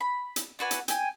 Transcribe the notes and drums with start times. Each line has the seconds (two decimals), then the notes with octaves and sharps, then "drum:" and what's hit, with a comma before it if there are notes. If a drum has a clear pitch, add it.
0.01 B5
0.36 drum: hi-hat
0.59 D4 F#4 B4 G#5
0.71 drum: hi-hat
0.88 G5 G#5, drum: hi-hat